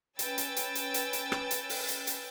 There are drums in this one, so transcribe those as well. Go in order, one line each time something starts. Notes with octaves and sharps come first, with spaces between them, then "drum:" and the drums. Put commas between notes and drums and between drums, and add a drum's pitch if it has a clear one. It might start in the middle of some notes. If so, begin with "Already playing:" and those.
C#4 B4 G5 G#5 E6 A6, drum: hi-hat
drum: hi-hat
drum: hi-hat
drum: hi-hat
drum: hi-hat
drum: hi-hat
drum: rim click
drum: hi-hat
drum: open hi-hat
drum: hi-hat
drum: hi-hat